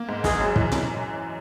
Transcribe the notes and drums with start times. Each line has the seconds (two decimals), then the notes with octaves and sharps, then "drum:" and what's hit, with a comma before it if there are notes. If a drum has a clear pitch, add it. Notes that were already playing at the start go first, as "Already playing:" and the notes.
Already playing: A#3
0.09 G#2
0.24 F#1 G#4, drum: snare
0.40 F#2
0.56 E3, drum: kick
0.72 drum: tom A#2